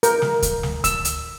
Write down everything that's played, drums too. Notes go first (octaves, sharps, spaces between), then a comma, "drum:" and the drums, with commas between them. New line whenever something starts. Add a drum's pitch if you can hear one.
A#4, drum: hi-hat
drum: snare
drum: kick D2, hi-hat
drum: snare
E6, drum: kick D2, hi-hat
drum: hi-hat